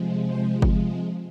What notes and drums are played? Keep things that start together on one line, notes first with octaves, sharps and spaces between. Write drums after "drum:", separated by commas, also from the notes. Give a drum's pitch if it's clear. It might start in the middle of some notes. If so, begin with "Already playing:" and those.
Already playing: C3 F3 G#3
C5
drum: kick G1